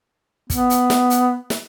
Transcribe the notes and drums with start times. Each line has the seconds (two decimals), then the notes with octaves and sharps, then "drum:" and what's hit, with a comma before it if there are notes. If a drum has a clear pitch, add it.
0.50 B3, drum: kick, hi-hat
0.70 drum: hi-hat
0.90 drum: snare
1.10 drum: hi-hat
1.50 drum: snare